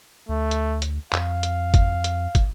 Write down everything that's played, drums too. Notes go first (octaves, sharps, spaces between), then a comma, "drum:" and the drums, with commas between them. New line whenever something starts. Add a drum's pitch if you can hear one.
D2 A3
drum: hi-hat
drum: hi-hat
F2 F5, drum: clap
drum: hi-hat
drum: kick, hi-hat
drum: hi-hat
drum: kick, hi-hat